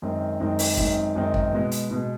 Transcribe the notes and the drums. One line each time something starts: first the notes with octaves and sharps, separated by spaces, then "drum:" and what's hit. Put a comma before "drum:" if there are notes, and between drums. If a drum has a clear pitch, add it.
F#2 D#3 G#3 C4 D#4
F#2 D#3 G#3 C4 D#4
drum: open hi-hat
F#2 D#3 G#3 C4 D#4, drum: kick
F#2 D#3 G#3 C4 D#4
drum: kick
B2 G#3 B3
drum: hi-hat
B2 G#3 B3